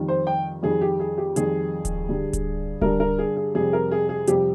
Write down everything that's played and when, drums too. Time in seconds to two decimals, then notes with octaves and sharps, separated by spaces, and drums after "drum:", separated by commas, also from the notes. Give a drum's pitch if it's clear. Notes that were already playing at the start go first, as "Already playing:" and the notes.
Already playing: F2 D#3 G3
0.08 C5
0.27 G5
0.63 F2 D#3 G3 G#4
0.81 G4
1.00 G#4
1.18 G4
1.36 F2 D#3 G3 G#4, drum: hi-hat
1.85 drum: kick D1, hi-hat
2.09 G2 D3 G3
2.33 drum: kick D1, hi-hat
2.81 G2 D3 G3 A#4, drum: kick D1
3.00 A#4
3.19 G#4
3.37 G#4
3.55 F2 C3 G3 G#4
3.73 A#4
3.91 G#4
4.09 G#4
4.27 F2 C3 G3 G4, drum: hi-hat